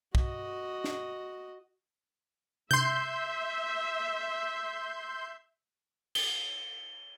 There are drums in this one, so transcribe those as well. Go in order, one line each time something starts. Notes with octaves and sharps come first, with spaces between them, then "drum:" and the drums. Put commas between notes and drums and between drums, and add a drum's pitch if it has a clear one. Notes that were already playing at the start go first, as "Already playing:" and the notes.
F#4 D#5, drum: kick
drum: snare
E5 C6 G6, drum: tom C3
G7, drum: cymbal